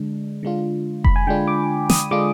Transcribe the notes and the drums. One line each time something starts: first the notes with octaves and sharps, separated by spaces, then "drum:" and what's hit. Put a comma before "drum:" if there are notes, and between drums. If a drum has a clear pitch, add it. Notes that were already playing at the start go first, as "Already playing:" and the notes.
Already playing: D3 G#3 D4
D3 G#3 D4 F4
B5, drum: kick F1
G#5
D3 G#3 D4 F4 G5
D6
D#6, drum: snare
D3 G#3 D4 F4 D6